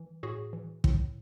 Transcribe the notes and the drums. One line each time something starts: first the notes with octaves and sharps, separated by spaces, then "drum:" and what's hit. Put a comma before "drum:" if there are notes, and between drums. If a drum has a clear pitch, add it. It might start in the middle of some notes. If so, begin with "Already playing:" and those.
Already playing: E3
A2 F#4 G#4
E3
A2, drum: kick